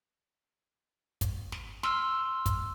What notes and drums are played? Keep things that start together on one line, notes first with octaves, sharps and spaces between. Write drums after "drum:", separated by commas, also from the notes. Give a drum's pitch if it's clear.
drum: kick, hi-hat
drum: snare
C6 E6 F6, drum: snare
drum: kick, hi-hat